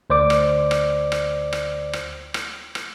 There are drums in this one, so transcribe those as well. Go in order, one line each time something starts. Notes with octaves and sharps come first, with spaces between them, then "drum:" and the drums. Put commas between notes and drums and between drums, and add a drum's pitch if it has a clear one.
D2 C5 D5 D6
drum: rim click
drum: rim click
drum: rim click
drum: rim click
drum: rim click
drum: rim click
drum: rim click